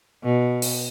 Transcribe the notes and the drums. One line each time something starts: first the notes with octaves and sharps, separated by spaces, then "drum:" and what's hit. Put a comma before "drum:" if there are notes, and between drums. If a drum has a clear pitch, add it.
B2
drum: open hi-hat